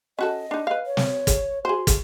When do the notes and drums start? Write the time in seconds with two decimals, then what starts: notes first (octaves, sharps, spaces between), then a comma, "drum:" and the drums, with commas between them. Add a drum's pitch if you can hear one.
0.19 C#4 F#4 A4 D#5
0.51 D4 D#4
0.67 B4 F5
0.86 C#5
0.97 drum: snare
1.27 drum: kick, hi-hat
1.65 F#4 G#4 C5
1.87 drum: kick, hi-hat